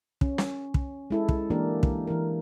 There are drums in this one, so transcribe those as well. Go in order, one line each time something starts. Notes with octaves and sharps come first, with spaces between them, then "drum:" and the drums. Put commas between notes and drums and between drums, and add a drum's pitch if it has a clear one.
C#4, drum: kick
drum: snare
drum: kick
G#3 E4 A4
drum: kick
E3 A#3 D4 E4 G4 A#4
drum: kick
E3 A#4